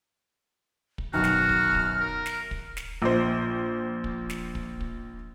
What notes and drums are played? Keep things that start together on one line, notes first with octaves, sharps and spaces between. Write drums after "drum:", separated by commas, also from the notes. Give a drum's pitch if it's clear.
drum: kick
F#2 B2 D#3 F#4 F6
drum: snare
drum: kick
drum: kick
A#4
drum: snare
drum: kick
drum: snare
A#1 C5
drum: kick
drum: snare
drum: kick
drum: kick